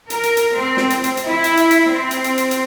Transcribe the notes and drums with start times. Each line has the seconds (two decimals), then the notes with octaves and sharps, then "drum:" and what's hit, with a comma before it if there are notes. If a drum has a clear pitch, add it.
0.10 A#4, drum: hi-hat
0.23 drum: hi-hat
0.37 drum: hi-hat
0.55 C4
0.77 drum: snare
0.90 drum: hi-hat
1.04 drum: hi-hat
1.17 drum: hi-hat
1.27 E4
1.44 drum: hi-hat
1.57 drum: hi-hat
1.71 drum: hi-hat
1.90 C4
2.11 drum: hi-hat
2.24 drum: hi-hat
2.38 drum: hi-hat
2.51 drum: hi-hat